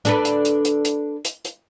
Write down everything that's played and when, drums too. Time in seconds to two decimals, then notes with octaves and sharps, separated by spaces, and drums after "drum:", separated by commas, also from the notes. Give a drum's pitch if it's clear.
0.05 D4 A4 B4, drum: hi-hat
0.25 drum: hi-hat
0.45 drum: hi-hat
0.65 drum: hi-hat
0.85 drum: hi-hat
1.25 drum: hi-hat
1.45 drum: hi-hat